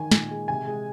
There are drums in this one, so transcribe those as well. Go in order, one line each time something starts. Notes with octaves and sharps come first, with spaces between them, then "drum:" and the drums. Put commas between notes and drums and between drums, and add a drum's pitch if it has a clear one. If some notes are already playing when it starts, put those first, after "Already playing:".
Already playing: D#3 G#5
A#2, drum: snare
G#3
C3 G#5
G#3